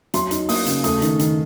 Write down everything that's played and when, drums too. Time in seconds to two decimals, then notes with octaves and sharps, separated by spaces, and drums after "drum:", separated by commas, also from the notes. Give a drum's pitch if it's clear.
0.14 F#3 C6, drum: hi-hat
0.31 D#4, drum: hi-hat
0.49 A#3 D#6, drum: open hi-hat
0.66 C#3, drum: hi-hat
0.84 A3 D#6, drum: hi-hat
1.02 D#3, drum: hi-hat
1.19 D#3, drum: hi-hat